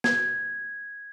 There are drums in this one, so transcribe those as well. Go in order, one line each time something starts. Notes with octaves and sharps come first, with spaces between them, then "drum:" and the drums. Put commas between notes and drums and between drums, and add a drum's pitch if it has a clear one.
G#6, drum: snare